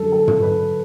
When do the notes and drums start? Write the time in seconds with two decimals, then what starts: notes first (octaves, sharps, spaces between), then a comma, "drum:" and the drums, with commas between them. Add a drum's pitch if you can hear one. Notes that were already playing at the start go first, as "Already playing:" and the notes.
Already playing: F#2 D3 G3 A4
0.12 A4
0.28 drum: tom
0.42 B4